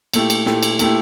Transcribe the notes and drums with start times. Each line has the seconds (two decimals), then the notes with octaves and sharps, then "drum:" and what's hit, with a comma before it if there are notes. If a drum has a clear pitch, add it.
0.13 A#2 A3 E4 G4, drum: cymbal
0.30 drum: cymbal
0.46 A#2 A3 E4 G4, drum: snare
0.63 drum: cymbal
0.79 A#2 A3 E4 G4, drum: cymbal